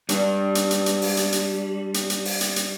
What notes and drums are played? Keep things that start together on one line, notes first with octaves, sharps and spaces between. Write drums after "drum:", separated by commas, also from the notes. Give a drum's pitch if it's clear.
G3 D4, drum: hi-hat
drum: hi-hat
drum: hi-hat
drum: hi-hat
drum: open hi-hat
drum: hi-hat
drum: hi-hat
drum: hi-hat
drum: hi-hat
drum: open hi-hat
drum: hi-hat
drum: hi-hat